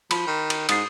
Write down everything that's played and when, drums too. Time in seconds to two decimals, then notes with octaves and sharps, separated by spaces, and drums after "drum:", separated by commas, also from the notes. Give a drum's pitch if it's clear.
0.11 F3 B5, drum: cymbal
0.27 D#3
0.50 drum: cymbal
0.69 G#2 D#6 A6 C7, drum: cymbal